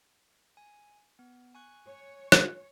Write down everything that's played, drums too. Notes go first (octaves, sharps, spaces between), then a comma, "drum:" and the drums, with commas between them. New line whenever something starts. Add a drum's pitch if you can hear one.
G#5
B3
G#5 C#6 F#6
C#5
drum: rim click